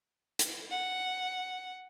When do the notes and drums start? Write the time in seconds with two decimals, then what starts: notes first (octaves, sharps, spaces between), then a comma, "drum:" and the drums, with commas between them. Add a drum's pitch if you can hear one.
0.39 drum: hi-hat
0.71 F#5